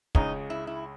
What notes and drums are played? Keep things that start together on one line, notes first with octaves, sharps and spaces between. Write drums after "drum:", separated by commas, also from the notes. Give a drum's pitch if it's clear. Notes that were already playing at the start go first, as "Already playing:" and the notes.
C#2 C#3 G#3 D#4, drum: kick
E4
E4